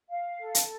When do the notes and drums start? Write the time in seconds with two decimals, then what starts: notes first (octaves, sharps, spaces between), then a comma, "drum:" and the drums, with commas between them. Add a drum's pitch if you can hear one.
0.09 F5
0.40 A4
0.55 drum: hi-hat